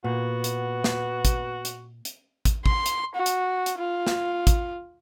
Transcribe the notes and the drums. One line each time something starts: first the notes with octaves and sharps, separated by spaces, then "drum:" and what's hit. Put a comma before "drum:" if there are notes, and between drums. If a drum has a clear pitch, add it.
A#2 B3 F#4
drum: hi-hat
drum: snare
drum: kick, hi-hat
drum: hi-hat
drum: hi-hat
drum: kick, hi-hat
C6, drum: kick
drum: hi-hat
F#4
drum: hi-hat
drum: hi-hat
F4
drum: snare
drum: kick, hi-hat